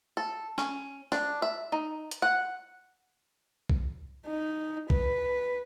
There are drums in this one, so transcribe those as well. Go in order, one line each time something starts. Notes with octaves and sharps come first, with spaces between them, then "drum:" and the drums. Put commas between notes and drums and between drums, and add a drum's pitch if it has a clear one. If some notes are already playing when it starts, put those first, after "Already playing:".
A4
C#4, drum: snare
D4, drum: snare
E5
D#4
drum: hi-hat
F#5
drum: kick B1
D#4
B4, drum: kick B1